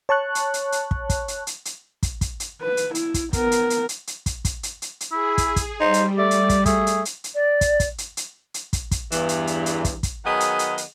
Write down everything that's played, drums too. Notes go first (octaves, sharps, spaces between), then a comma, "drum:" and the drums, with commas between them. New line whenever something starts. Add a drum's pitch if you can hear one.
C#5 A5 C#6 F#6
drum: hi-hat
drum: hi-hat
drum: hi-hat
drum: kick
drum: kick, hi-hat
drum: hi-hat
drum: hi-hat
drum: hi-hat
drum: kick, hi-hat
drum: kick, hi-hat
drum: hi-hat
B4
drum: hi-hat
E4, drum: hi-hat
drum: kick, hi-hat
B3 A#4, drum: kick, hi-hat
drum: hi-hat
drum: hi-hat
drum: hi-hat
drum: hi-hat
drum: kick, hi-hat
drum: kick, hi-hat
drum: hi-hat
drum: hi-hat
drum: hi-hat
E4 G#4
drum: kick, hi-hat
drum: kick, hi-hat
G3 D#4 C5
drum: hi-hat
A3 D5
drum: hi-hat
drum: kick, hi-hat
A3 G#4, drum: kick, hi-hat
drum: hi-hat
drum: hi-hat
drum: hi-hat
D5
drum: kick, hi-hat
drum: kick, hi-hat
drum: hi-hat
drum: hi-hat
drum: hi-hat
drum: kick, hi-hat
drum: kick, hi-hat
E2 G2 E3, drum: hi-hat
drum: hi-hat
drum: hi-hat
drum: hi-hat
drum: kick, hi-hat
drum: kick, hi-hat
D#3 F#3 B3 G#4 D#5 F#5
drum: hi-hat
drum: hi-hat
drum: hi-hat